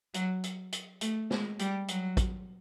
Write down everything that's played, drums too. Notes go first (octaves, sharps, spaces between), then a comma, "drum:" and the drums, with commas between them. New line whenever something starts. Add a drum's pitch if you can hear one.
F#3, drum: hi-hat
drum: hi-hat
drum: hi-hat
A3, drum: hi-hat
G#3, drum: snare
G3, drum: hi-hat
F#3, drum: hi-hat
drum: kick A1, hi-hat